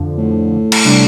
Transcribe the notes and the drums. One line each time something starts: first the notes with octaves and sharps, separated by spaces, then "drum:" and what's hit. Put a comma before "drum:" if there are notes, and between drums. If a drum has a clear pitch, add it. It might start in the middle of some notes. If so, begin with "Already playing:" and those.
Already playing: F2 D3 F3
A2
drum: cymbal
C3 G3 D4